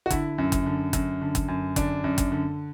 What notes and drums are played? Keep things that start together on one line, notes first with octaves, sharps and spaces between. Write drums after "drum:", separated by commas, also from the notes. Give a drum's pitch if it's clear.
F#4
D3 E4, drum: kick, hi-hat
F#2
drum: kick, hi-hat
D3
F#2, drum: kick, hi-hat
D3
drum: kick, hi-hat
F#2
D3 D4, drum: kick, hi-hat
F#2
drum: kick, hi-hat
D3